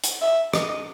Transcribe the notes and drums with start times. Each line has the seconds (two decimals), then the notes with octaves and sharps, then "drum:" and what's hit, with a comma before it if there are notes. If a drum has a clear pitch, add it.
0.04 drum: hi-hat
0.22 E5
0.54 D#5, drum: rim click